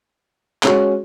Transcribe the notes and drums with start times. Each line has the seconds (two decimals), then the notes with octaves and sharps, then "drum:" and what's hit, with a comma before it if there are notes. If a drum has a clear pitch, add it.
0.63 G#3 C#4 F#4, drum: clap